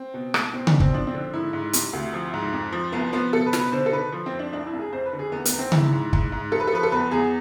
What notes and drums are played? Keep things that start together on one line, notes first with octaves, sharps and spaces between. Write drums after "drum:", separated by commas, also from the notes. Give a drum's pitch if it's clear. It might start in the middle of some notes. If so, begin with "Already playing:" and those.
Already playing: C4
B2
C2, drum: rim click
B2 C4
D4, drum: tom C#3
B2
C4, drum: kick
F3 D4
C4
D3
G#2 E4
G#2
C3, drum: hi-hat
D2
F3
G#2
F2
F3
C2 B3
F3 B3
B2 A4
B4
B2, drum: snare
B4
D3 C5
A4
D3 B4
F3
C4
F2
D4
C2 D4
E4
C2
G#4
F2 C5
B4
D3
G#4
E2 B3
B3, drum: hi-hat
E2
C4
G#2 E4, drum: tom C#3
G#2
G#2, drum: kick
G#2
F2 A4
B4
A4
F3 B4
A4
E2 B4
E2 G#4